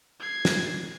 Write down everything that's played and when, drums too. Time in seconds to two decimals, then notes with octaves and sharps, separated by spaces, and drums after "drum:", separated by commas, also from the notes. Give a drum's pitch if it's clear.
0.20 G#6 C7
0.45 drum: snare